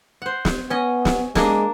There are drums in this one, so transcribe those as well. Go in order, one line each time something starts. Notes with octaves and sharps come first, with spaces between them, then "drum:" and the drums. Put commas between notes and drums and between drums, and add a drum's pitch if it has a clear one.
C5 F#5
drum: snare
B3 C#4 D#5
drum: snare
G#3 A#3 D4 D#5, drum: snare